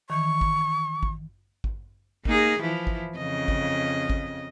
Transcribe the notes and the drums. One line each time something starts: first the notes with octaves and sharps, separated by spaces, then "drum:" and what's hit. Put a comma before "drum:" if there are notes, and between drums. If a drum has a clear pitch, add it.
D#3 E3 C#6
drum: kick G#1
drum: kick G#1
drum: kick G#1
A#3 D#4 G#4, drum: kick G#1
E3 F3 E4
drum: kick G#1
F2 C#3 D#5
drum: kick G#1
drum: kick G#1